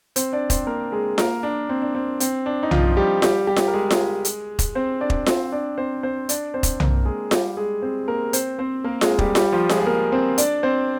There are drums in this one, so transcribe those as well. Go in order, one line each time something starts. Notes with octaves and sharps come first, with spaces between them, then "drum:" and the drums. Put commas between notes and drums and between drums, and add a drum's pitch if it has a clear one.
C4 C5, drum: hi-hat
D4 D5
C4 C5, drum: kick, hi-hat
A#3 A#4
G#3 G#4
A#3 A#4, drum: snare F4
D4
C4
D4
C4
C4, drum: hi-hat
D4
D#4
F3 F4, drum: tom B1
G3 G4
G3 G4, drum: snare F4
G3 G4
drum: snare F4
A#4
G#3 G#4
drum: snare F4
drum: hi-hat
drum: kick, hi-hat
C4 C5
D4 D5
drum: kick
C4 C5, drum: snare F4
D4 D5
C4 C5
C4 C5
D4 D5, drum: hi-hat
C4 C5
drum: kick, hi-hat
A#3 A#4, drum: tom B1
G#3 G#4
G3 G4, drum: snare F4
G#3 G#4
C4 C5
A#3 A#4
C4 C5, drum: hi-hat
C4 C5
A#3 A#4
G#3 G#4, drum: snare F4
G3 G4, drum: kick
G3 G4, drum: snare F4
F3 F4
G#3 G#4, drum: snare F4
G#4
A#3 A#4
C4 C5
D4 D5, drum: hi-hat
C4 C5